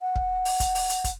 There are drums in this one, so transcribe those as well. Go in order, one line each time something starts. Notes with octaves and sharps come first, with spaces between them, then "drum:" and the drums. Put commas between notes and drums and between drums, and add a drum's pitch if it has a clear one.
F#5
drum: kick
drum: open hi-hat
drum: kick, hi-hat
drum: open hi-hat
drum: hi-hat
drum: kick, hi-hat